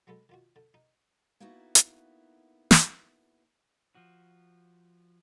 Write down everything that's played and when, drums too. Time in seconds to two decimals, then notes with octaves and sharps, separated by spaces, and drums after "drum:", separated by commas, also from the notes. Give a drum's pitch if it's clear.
0.07 F#3 G#3 B3 A4
0.29 D#3 F4 F#4
0.56 D3
0.74 D#4
1.40 A#3 B3 D#4 E4 F#4 A4
1.75 drum: hi-hat
2.71 drum: snare
3.95 F3 F#4